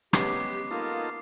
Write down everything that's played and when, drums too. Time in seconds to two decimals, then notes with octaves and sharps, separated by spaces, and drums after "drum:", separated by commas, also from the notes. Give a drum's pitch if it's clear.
0.13 G#3 B3 C#4 G4 D6 C7, drum: rim click
0.71 A#3 D#4 F4 A4